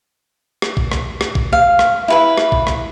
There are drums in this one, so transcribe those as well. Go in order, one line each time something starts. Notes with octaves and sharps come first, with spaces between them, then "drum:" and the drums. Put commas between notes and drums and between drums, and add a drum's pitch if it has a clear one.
drum: rim click
drum: kick
drum: rim click
drum: rim click
drum: kick
F5
drum: rim click
E4 B4 B5
drum: rim click
drum: kick
drum: rim click